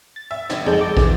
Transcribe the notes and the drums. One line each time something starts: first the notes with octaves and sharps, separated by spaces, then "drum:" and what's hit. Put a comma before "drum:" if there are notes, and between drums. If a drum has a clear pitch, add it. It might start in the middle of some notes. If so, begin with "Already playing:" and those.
A6
E5
G1, drum: snare
G#1 F2 G#3 A4 G6
D6
D2 E3, drum: kick